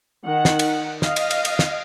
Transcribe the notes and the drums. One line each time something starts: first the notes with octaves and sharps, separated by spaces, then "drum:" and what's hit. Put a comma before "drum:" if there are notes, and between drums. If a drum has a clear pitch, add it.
D#3 F#5
drum: snare
drum: cymbal
D#5 F5, drum: snare
drum: cymbal
drum: cymbal
drum: cymbal
drum: snare